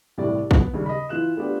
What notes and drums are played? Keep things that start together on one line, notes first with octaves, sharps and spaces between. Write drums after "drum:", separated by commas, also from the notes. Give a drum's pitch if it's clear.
C2 A2 E3 G3 D5
B3, drum: kick A#1
D#2 C#3 G3
D#5 B5
E3 F4 F#6 E7
A3 B3 D4 F4 G4 B4